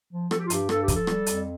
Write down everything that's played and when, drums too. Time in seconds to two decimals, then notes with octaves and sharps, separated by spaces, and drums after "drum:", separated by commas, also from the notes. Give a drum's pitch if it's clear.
0.11 F3
0.31 F3 A4, drum: rim click
0.38 G4
0.45 F4
0.50 G2 G4, drum: hi-hat
0.69 G2 A4, drum: rim click
0.82 G4
0.88 F3, drum: kick, hi-hat
0.94 A4
1.07 G3, drum: rim click
1.26 F2, drum: hi-hat